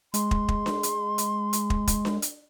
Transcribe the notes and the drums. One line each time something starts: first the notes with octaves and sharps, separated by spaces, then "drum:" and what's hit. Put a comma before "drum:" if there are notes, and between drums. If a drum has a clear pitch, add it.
G#3 C6, drum: hi-hat
drum: kick
drum: kick
drum: snare D4
drum: hi-hat
drum: hi-hat
drum: hi-hat
drum: kick
drum: kick, hi-hat
drum: snare D4
drum: hi-hat